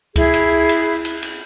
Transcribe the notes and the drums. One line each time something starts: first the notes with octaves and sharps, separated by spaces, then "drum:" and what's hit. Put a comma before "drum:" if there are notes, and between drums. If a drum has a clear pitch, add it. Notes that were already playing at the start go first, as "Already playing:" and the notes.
E4 G#4, drum: kick C#2, cymbal
drum: cymbal
drum: cymbal
drum: cymbal
drum: cymbal